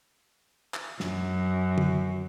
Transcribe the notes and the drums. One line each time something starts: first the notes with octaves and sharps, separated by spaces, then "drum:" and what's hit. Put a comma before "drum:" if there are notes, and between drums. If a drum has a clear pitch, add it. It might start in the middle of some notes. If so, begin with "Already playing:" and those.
drum: clap
F#2, drum: snare
drum: tom